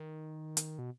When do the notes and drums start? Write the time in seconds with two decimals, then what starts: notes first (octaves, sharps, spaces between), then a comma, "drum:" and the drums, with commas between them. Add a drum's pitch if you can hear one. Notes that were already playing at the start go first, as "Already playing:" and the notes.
Already playing: D#3
0.57 drum: hi-hat
0.79 B2